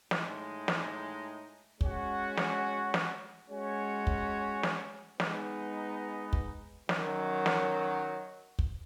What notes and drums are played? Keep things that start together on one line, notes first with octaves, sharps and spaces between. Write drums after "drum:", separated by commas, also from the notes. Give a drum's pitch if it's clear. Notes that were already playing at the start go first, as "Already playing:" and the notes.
A2 G#3 D#4, drum: snare
drum: snare
G#3 C#4 F#4, drum: kick
drum: snare
drum: snare
G#3 C#4 F#4 C#5
drum: kick
drum: snare
G#3 B3 D#4, drum: snare
drum: kick
F#2 D#3 F#3, drum: snare
drum: snare
drum: kick